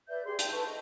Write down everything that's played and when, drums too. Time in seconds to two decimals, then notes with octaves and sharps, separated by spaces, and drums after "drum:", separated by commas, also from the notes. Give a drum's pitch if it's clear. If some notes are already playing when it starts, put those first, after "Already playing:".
0.08 B4 D5 E5 G6
0.25 G4 G#4 C6
0.39 G5 A5 G6, drum: hi-hat
0.52 A4 B4 A5 C#6
0.65 D#5